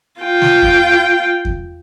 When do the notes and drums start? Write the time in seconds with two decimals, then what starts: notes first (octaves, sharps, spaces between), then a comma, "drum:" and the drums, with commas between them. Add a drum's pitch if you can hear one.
0.21 F4 G5
0.42 drum: snare
0.62 drum: kick E2
1.45 drum: kick E2